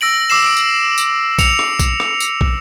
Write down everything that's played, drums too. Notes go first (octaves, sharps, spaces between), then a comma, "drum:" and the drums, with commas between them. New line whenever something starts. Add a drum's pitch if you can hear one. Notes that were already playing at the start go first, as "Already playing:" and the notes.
E6 A#6 D7 F#7
D6 E6 C7 E7
E6 D7
drum: tambourine
drum: tambourine
C#7 F7, drum: kick, tambourine
drum: rim click
drum: kick, tambourine
drum: rim click
drum: tambourine
drum: kick